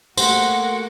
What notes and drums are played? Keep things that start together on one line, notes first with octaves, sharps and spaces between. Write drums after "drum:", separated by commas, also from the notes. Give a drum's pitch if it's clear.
A3 A#3 F#4 G4 A#4 C5 F#5 C6, drum: tambourine